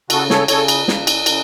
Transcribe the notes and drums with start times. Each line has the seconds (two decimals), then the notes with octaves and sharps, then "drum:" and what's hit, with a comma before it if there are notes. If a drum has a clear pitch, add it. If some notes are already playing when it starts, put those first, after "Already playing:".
0.10 C#3 F#4 A4, drum: cymbal
0.30 A4 C#5, drum: snare
0.48 C#3 A4 C#5, drum: cymbal
0.68 drum: cymbal
0.88 C#3, drum: snare
1.07 drum: cymbal
1.26 C#3, drum: cymbal